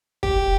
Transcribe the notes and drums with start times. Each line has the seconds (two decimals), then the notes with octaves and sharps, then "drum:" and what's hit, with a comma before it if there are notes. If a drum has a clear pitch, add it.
0.23 G4, drum: kick